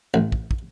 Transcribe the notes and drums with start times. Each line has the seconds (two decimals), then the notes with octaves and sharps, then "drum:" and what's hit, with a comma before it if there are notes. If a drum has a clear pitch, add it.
0.14 A1
0.32 drum: kick
0.51 drum: kick